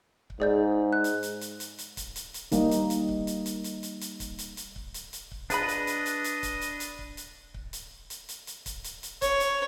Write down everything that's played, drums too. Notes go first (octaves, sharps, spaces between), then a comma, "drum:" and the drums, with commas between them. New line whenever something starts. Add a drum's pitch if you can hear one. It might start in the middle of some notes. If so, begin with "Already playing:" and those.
drum: kick C#1
G#2 G#4 D5 G6
F#6
drum: hi-hat
drum: hi-hat
drum: hi-hat
drum: hi-hat
drum: hi-hat
drum: kick C#1, hi-hat
drum: hi-hat
drum: hi-hat
G3 A#3 D#4, drum: kick C#1, hi-hat
drum: hi-hat
drum: hi-hat
drum: kick C#1
drum: hi-hat
drum: hi-hat
drum: hi-hat
drum: hi-hat
drum: hi-hat
drum: kick C#1, hi-hat
drum: hi-hat
drum: hi-hat
drum: kick C#1
drum: hi-hat
drum: hi-hat
drum: kick C#1
F3 D4 G#4 B4 D#5 B5, drum: hi-hat
drum: hi-hat
drum: hi-hat
drum: hi-hat
drum: hi-hat
drum: kick C#1, hi-hat
drum: hi-hat
drum: hi-hat
drum: kick C#1
drum: hi-hat
drum: kick C#1
drum: hi-hat
drum: hi-hat
drum: hi-hat
drum: hi-hat
drum: kick C#1, hi-hat
drum: hi-hat
drum: hi-hat
C#5, drum: kick C#1, hi-hat
drum: hi-hat